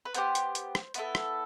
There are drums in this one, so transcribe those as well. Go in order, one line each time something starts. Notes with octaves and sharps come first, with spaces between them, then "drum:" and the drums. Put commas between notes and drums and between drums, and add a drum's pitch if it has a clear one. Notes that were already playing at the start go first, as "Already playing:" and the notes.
B4
B3 E4 G4 C5, drum: hi-hat
drum: hi-hat
drum: hi-hat
drum: rim click
B3 E4 A4 B4, drum: hi-hat
drum: rim click